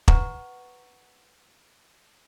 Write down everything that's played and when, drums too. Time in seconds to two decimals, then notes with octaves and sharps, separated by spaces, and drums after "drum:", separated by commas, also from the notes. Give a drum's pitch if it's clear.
0.08 B4 F#5 A#5 C#6, drum: kick